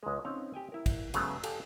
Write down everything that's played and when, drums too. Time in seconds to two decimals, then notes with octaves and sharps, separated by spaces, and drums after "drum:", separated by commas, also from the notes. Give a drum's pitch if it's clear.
0.03 C#2 G#3
0.25 C4 C#4 D#4 F5
0.54 G4 G5 G#5
0.72 E4 A#4
0.86 drum: kick, cymbal
1.14 C#3 F#3 G#3 A3 B3, drum: cymbal
1.43 G4 A4 F5 G#5, drum: cymbal